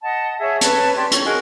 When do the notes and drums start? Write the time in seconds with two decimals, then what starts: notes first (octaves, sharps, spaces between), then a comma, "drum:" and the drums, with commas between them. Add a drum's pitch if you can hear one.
0.02 D#5 F#5 A5
0.39 G#4 C#5 E5
0.61 B4 C#5 A5, drum: hi-hat
0.95 G4 D5 C6
1.11 C#5 C#6, drum: hi-hat
1.24 D#4 F#4 G#4 A#4